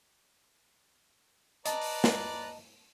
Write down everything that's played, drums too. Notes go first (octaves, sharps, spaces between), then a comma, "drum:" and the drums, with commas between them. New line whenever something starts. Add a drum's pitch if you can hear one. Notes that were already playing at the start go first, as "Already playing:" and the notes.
B4 D5 D#5 A5 A#5, drum: hi-hat
drum: open hi-hat
drum: snare